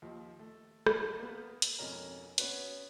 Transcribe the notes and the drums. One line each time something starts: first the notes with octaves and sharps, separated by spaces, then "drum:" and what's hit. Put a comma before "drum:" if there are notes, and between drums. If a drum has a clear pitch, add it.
D#2 F3
A3
drum: rim click
A#3 B3
drum: hi-hat
G#1 F2 B2 F3 C#4 A#4
B3 C#4 F#4 B4, drum: hi-hat